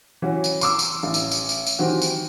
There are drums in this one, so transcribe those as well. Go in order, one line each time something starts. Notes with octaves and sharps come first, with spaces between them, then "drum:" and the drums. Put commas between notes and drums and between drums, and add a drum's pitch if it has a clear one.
E3 C#4 F#4
drum: tambourine
C6 D6 E6, drum: tambourine
drum: tambourine
A1
drum: tambourine
drum: tambourine
drum: tambourine
drum: tambourine
D#3 E3 C4 F#4 G4
drum: tambourine